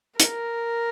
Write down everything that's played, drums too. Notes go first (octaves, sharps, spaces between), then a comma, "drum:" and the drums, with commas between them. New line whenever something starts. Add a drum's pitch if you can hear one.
A#4, drum: hi-hat